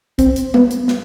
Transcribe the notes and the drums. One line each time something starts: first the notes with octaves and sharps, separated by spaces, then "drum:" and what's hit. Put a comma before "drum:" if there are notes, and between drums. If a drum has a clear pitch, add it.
C4, drum: kick, hi-hat
drum: hi-hat
B3, drum: tom G3
drum: hi-hat
drum: snare